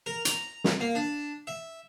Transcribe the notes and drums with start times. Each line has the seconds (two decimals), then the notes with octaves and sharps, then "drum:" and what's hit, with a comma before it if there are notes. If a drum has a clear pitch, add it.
0.06 A#4
0.25 A#5, drum: hi-hat
0.64 drum: snare
0.80 A#3
0.95 D4
1.47 E5